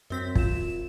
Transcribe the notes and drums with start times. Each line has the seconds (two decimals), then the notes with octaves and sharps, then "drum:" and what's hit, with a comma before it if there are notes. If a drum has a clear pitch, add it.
0.10 F#2 C4 B6
0.35 F4 E7, drum: kick